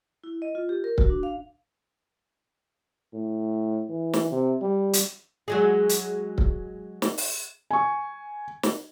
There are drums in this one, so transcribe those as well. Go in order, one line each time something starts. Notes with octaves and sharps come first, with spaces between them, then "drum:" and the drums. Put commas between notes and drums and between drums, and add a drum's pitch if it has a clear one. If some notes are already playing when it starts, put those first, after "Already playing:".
E4
D#5
F4
G4
A#4
F#4, drum: kick C#1
D4
F5
A2
E3
drum: snare
C3
G3
drum: hi-hat
F#3 G#3 G#4
drum: hi-hat
drum: kick C#1
drum: snare
drum: open hi-hat
G#5 C#6
drum: snare